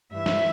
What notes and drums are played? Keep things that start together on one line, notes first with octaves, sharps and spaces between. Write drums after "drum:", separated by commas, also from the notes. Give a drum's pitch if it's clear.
G2 E3 E5
drum: snare